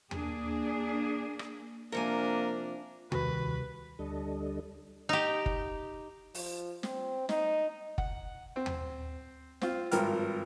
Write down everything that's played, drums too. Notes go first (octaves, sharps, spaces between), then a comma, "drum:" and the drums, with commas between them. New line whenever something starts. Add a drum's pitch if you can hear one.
A#3 D4 G#4, drum: tom D#2
drum: rim click
C3 F3 A#3 D4 A#4 G#5
C2 D#3 F#4 B4, drum: tom D#2
D2 G3 D4 A4 D#5
D#4 G4
drum: kick
F3, drum: open hi-hat
C4, drum: snare
D#4, drum: snare
F#5, drum: kick
C4
drum: tom D#2
C4 F4, drum: snare
G#1 G2 F3 A#4 G5 F6, drum: hi-hat